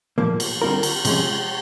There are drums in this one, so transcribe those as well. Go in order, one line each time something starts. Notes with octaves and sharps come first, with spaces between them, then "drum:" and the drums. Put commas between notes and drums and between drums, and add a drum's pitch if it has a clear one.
A#2 F3 A#3
drum: cymbal
D3 G3 C4 F4 A#4
drum: cymbal
C3 F3 G#3 C#4, drum: cymbal